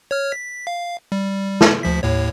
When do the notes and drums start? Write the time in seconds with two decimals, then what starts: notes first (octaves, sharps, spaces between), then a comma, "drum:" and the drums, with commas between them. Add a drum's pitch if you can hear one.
0.11 C#5 F6
0.32 B6
0.67 F5
1.12 G3
1.61 drum: snare
1.83 D2 F3 B6
2.03 D#2 A2 C#5